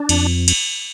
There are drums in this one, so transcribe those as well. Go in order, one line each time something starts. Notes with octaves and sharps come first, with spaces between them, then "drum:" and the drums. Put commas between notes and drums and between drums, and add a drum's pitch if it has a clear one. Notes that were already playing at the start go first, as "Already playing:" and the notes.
Already playing: D4
F2, drum: cymbal
drum: cymbal